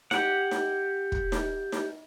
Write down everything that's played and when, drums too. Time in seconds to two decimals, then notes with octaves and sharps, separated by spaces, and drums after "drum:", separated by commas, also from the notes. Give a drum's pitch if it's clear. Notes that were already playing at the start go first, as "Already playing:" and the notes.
0.11 G4 F#5, drum: snare D#4
0.51 drum: snare D#4
1.12 drum: kick
1.32 drum: snare D#4
1.72 drum: snare D#4